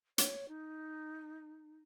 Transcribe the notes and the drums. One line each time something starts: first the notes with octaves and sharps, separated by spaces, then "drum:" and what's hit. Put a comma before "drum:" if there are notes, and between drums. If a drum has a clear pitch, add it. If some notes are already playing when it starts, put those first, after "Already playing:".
C#5, drum: hi-hat
D#4